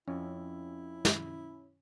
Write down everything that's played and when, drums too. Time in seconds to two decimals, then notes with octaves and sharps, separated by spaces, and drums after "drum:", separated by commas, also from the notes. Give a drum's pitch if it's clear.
0.08 F2 C#4 E4
1.05 drum: snare